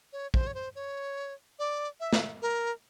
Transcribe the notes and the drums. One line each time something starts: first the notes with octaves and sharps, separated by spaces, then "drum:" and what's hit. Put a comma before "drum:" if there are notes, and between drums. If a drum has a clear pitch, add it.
C#5
C5, drum: kick
C#5
C5
C#5
D5
E5
drum: snare
A#4